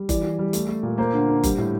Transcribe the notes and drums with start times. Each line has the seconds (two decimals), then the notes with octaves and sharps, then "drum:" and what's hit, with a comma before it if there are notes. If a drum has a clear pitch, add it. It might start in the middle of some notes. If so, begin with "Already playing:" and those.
Already playing: G3
0.09 E3 D5, drum: kick F#1, hi-hat
0.23 E3
0.39 G3
0.53 A3, drum: hi-hat
0.68 A3
0.83 A#2
0.98 A#3 C5
1.13 D3
1.29 D3
1.44 G3, drum: kick F#1, hi-hat
1.58 A2